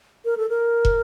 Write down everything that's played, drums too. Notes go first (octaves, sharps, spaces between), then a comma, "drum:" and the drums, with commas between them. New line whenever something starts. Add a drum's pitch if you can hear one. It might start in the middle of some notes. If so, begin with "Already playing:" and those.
A#4
A4
A#4
drum: kick